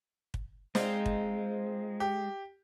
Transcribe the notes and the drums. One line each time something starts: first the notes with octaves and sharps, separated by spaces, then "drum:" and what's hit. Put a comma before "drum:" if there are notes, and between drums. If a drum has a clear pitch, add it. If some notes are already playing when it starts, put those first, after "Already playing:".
drum: kick
G#3 C4 D#4 F4, drum: snare
drum: kick
G4